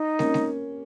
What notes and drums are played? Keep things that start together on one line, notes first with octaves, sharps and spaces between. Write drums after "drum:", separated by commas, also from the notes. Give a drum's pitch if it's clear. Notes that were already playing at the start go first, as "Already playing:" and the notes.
Already playing: D#4
A#3 C#4, drum: snare
drum: snare